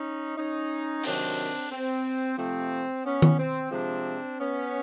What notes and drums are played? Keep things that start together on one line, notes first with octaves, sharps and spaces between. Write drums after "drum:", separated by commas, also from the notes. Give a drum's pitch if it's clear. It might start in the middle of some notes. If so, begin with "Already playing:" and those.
Already playing: C#4 D#4
C#4 D#4
C3 D#3 F#3 C4 D4, drum: open hi-hat
C4
C3 F3 A3 C4
B3 C#4
drum: tom D#3
C4
C3 F3 G#3 C4 D4
B3 C#4